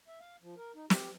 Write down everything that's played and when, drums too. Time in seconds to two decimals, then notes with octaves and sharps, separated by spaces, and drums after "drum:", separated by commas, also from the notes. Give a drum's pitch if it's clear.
0.08 E5
0.20 F5
0.42 F3
0.57 A#4
0.75 D#4
0.90 G4, drum: snare